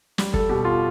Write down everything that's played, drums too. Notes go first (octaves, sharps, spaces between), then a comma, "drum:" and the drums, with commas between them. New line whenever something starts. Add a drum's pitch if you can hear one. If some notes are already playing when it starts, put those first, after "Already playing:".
G3, drum: snare
A4, drum: kick
B2 G4
F4